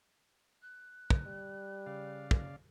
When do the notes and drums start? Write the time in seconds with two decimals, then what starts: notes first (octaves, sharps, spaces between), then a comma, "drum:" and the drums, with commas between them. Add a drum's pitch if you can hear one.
0.62 F#6
1.10 drum: kick
1.26 G3
1.86 C#3 D5 F5
2.31 drum: kick